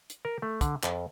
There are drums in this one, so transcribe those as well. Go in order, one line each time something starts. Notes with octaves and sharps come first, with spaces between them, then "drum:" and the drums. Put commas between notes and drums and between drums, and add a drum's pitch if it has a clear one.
drum: hi-hat
A#4
A3
D3, drum: kick, hi-hat
F2, drum: clap